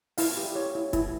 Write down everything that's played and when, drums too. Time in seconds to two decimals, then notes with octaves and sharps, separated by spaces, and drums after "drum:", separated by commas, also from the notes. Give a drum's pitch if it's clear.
0.18 E4 F5, drum: open hi-hat
0.37 G4
0.55 C#5
0.75 E4
0.93 E4, drum: kick, hi-hat